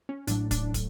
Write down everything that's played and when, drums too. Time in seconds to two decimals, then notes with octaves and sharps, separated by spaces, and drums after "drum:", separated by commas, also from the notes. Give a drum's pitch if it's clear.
0.09 C#4
0.27 A1 A2 F#3 A3 D4, drum: hi-hat
0.51 D4, drum: kick, hi-hat
0.74 drum: kick, hi-hat